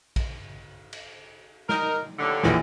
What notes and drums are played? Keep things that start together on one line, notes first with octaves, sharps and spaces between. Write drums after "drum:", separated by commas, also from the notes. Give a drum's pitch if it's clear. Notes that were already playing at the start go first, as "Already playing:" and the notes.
drum: kick A#1, cymbal
drum: cymbal
D#4 A#4, drum: snare
D#2 A2 D3
A#1 E3, drum: snare